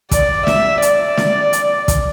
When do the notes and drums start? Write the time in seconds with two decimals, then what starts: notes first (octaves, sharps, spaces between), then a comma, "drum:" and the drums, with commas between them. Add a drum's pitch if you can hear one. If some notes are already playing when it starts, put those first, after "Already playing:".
0.11 D5, drum: kick, hi-hat
0.47 E5, drum: snare
0.82 D5, drum: hi-hat
1.17 drum: snare
1.53 drum: hi-hat
1.88 drum: kick, hi-hat